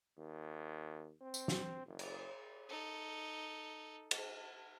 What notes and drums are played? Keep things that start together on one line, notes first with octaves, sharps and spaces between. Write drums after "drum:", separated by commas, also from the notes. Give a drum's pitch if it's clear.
D#2
C4
drum: tambourine
drum: snare
F#1
drum: cymbal
D#4 A4
drum: cymbal